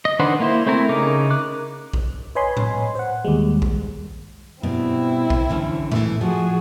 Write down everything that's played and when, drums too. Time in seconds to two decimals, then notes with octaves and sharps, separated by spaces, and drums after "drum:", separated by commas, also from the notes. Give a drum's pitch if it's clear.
0.05 D#5
0.19 D#3 D4 B4 C5 F#5
0.40 A#3 E4 C5
0.66 A3 C4 E4 A#4
0.89 C#3 D#4 A#4 D6
1.30 D6 F#6
1.93 drum: kick A#1
2.35 B4 C#5 D#5 G#5 B5 C6
2.57 drum: tom A2
2.95 C5 F#5
3.25 D#2 G3 G#3
3.62 drum: kick A#1
4.63 G2 B2 B3 C4 E4
5.30 drum: kick A#1
5.50 D3 E3 C#4
5.92 E3 A3, drum: tom A2
6.21 F3 F#4 G#4